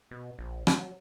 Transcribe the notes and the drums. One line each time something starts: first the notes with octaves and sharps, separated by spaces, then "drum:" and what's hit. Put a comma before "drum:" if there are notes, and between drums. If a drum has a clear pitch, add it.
B2
A#1
F#3, drum: rim click